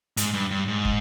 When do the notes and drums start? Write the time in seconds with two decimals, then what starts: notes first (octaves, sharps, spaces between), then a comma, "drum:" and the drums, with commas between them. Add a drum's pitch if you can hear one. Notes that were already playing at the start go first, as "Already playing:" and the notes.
0.17 G#2, drum: hi-hat
0.33 G2
0.51 G2
0.68 G#2
0.85 drum: kick